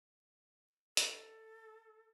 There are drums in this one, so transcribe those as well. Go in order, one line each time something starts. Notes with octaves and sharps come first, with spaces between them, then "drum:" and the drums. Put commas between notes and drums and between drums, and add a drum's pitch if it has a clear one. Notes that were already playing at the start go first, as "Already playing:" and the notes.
A4, drum: hi-hat